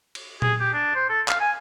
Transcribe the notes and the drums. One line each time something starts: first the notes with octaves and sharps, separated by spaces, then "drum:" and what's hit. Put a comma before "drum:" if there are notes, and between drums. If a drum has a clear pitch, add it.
drum: cymbal
G#4, drum: tom A#2
G4
D4
C5
A4
F5, drum: clap
G#5